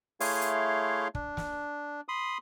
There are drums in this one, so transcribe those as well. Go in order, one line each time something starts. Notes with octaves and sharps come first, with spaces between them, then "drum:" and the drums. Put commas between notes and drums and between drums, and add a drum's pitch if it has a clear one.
A3 E4 G#4 C#5 F5 C6, drum: open hi-hat
drum: hi-hat
D4, drum: kick
drum: snare
B5 C6 D#6